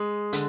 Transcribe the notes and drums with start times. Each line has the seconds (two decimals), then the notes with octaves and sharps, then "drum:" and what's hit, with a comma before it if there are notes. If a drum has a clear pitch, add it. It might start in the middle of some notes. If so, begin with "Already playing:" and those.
Already playing: G#3 D#6
0.33 D3, drum: hi-hat